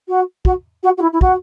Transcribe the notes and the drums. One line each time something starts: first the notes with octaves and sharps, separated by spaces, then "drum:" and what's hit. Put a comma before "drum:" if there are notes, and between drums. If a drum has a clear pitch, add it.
F#4
F#4, drum: kick
F#4
F#4
E4
E4
F#4, drum: kick